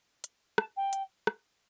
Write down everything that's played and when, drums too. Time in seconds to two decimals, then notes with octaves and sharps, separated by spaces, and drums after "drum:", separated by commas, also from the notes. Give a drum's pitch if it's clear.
0.24 drum: hi-hat
0.58 A5, drum: rim click
0.76 G5
0.93 drum: hi-hat
1.27 drum: rim click